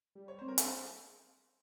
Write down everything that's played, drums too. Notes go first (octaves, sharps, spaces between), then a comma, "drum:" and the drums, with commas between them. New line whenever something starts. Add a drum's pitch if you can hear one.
G3
C#5
C4 C5
A#4
G#4 C5, drum: hi-hat